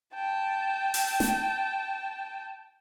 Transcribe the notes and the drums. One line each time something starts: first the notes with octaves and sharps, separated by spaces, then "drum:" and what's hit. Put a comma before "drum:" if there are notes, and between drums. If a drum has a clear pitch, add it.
G5 A5
drum: open hi-hat
drum: snare